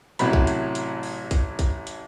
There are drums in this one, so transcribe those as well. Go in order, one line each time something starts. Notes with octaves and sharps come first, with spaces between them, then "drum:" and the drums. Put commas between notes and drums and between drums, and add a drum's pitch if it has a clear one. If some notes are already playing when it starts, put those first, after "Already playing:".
A1 A2 C3 F#3 B5, drum: hi-hat
drum: kick
drum: hi-hat
drum: hi-hat
drum: open hi-hat
drum: kick, hi-hat
drum: kick, hi-hat
drum: hi-hat